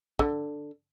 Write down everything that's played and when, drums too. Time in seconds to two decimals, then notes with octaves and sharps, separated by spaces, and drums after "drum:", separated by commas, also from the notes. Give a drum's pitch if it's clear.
0.19 D3, drum: kick